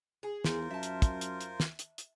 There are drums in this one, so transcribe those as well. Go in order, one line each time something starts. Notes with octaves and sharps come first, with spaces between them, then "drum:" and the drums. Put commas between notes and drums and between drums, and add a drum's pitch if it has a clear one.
G#4
E2 F4 A#4 C5, drum: snare
F#2 E5 A5
drum: hi-hat
drum: kick, hi-hat
drum: hi-hat
drum: hi-hat
drum: snare
drum: hi-hat
drum: hi-hat